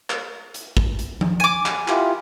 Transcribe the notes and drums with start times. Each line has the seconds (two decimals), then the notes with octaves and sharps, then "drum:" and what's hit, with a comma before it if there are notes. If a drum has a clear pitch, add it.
0.10 drum: clap
0.54 drum: hi-hat
0.77 drum: kick
0.99 drum: hi-hat
1.21 drum: tom F3
1.40 G#5 D6
1.66 drum: clap
1.88 E4 F4 G4, drum: clap